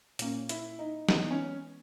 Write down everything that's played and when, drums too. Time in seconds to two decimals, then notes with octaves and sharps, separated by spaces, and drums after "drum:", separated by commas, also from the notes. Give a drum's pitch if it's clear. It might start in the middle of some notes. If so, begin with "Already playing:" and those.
0.19 A#2 A#3 C#4, drum: hi-hat
0.49 E4, drum: hi-hat
0.79 D#4
1.09 E3 G#3 B3 D#4, drum: snare
1.31 C#4